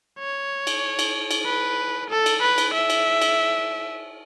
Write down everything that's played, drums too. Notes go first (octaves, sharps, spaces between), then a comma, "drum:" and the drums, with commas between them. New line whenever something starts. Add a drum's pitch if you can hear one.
C#5
drum: cymbal
drum: cymbal
drum: cymbal
B4
A4
drum: cymbal
B4
drum: cymbal
E5
drum: cymbal
drum: cymbal